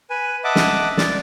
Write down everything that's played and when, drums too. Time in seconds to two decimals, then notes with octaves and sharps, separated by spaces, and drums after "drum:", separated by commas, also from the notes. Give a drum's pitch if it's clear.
0.10 B4 G#5
0.44 D#5 E5 F#5 A5 D6
0.56 drum: snare
0.97 D5, drum: snare